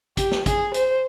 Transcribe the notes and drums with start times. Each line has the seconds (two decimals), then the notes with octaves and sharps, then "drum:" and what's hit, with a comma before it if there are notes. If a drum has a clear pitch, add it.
0.17 G4, drum: kick, hi-hat
0.31 drum: snare
0.46 G#4, drum: kick, hi-hat
0.74 C5, drum: hi-hat